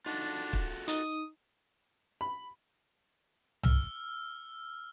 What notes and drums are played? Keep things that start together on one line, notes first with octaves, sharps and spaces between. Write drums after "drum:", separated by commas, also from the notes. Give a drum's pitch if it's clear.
D4 D#4 F4 F#4 A4
drum: kick
D#4 D#6, drum: hi-hat
B5
E6 F6, drum: tom C2